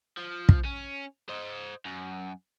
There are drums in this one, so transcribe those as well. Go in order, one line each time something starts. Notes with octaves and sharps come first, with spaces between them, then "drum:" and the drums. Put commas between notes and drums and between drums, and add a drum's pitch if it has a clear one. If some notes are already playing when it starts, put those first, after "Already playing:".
F3
drum: kick
C#4
C5 D#5
F#2